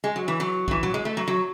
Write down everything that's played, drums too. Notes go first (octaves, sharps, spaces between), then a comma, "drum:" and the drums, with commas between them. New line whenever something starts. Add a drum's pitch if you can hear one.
G#3
F#3
E3
F#3
F#3, drum: kick
E3
F#3, drum: tom
G#3
A3
F#3
F#3